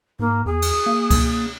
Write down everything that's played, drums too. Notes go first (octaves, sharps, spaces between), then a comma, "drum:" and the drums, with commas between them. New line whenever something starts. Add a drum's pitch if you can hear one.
G#2 A#3
E2 G#4
drum: cymbal
A#3
drum: kick C#2, cymbal